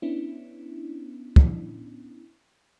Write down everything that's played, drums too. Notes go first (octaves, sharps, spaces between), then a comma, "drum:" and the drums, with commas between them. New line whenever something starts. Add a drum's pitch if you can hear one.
B3 C#4 D4 E4
drum: kick